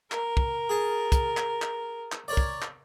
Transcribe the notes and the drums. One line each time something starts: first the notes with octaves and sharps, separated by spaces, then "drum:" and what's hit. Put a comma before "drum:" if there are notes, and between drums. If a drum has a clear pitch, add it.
A#4, drum: clap
drum: kick
G#4 A5
drum: kick, hi-hat
drum: clap
drum: clap
drum: clap
A#4 C#5 D5
drum: kick
drum: clap